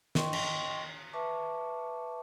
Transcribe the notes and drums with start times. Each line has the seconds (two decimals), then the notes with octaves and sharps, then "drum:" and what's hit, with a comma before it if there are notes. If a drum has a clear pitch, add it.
0.15 D#5 G5 C6 C#6, drum: snare
0.33 drum: cymbal
1.13 B4 E5 A5 C#6 D6